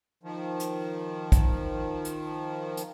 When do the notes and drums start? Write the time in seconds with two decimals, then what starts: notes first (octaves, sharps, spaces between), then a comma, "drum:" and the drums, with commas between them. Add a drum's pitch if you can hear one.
0.23 D#3 F3
0.60 drum: hi-hat
1.32 drum: kick, hi-hat
2.05 drum: hi-hat
2.77 drum: hi-hat